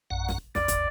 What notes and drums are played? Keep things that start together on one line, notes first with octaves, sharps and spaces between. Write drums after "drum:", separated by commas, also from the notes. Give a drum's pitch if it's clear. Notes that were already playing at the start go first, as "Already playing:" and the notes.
A#1 F#2 F#5
drum: snare
B1 F2 D5, drum: snare
drum: kick, hi-hat